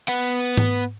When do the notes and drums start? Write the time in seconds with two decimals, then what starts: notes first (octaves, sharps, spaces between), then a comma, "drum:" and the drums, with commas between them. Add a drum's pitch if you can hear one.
0.08 B3 F#5
0.57 drum: tom G#2